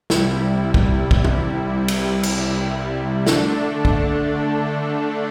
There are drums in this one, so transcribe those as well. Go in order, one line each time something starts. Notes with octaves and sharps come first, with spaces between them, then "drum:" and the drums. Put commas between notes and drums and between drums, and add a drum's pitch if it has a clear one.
C2 C3 G3 E4, drum: snare
drum: kick
drum: kick
drum: tom
drum: cymbal
drum: cymbal
D3 A3 D4 A4, drum: snare
drum: kick